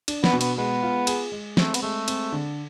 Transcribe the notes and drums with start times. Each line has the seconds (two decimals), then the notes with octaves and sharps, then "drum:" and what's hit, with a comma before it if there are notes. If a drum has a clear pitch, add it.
0.08 D4, drum: cymbal
0.24 B3, drum: snare
0.33 B2
0.41 B3, drum: cymbal
0.58 G#3 B3
0.83 F4
1.07 G#4, drum: cymbal
1.32 G#3
1.57 A3 C4, drum: snare
1.74 B3, drum: cymbal
1.82 G#3 A3
2.08 C4, drum: cymbal
2.32 D3